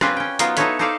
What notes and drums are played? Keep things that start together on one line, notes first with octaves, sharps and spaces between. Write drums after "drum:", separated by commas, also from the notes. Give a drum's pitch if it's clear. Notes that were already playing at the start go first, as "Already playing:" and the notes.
C4 C#4 F4 G4 B4 C5, drum: rim click
C#4 G5
F#3 B3 D#4 F4 A#4 C5, drum: hi-hat
D#4 E4 A4 B4 C#5 E5, drum: hi-hat
D#4 A4 C5 D5 E5 F5